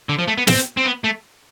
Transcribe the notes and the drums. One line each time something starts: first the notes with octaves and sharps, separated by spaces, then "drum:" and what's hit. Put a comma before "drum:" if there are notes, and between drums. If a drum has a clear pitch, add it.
D3
F3
A3
B3
C4, drum: snare
C4
B3
A3